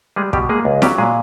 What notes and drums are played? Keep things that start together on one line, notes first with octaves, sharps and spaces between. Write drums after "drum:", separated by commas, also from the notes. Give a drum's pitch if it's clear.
G3 G#3 G#4
B2 G3 G4, drum: kick
G#3 A#3 G#4
C#2
F#3 G3 G4, drum: snare
A#2 G#3 G#4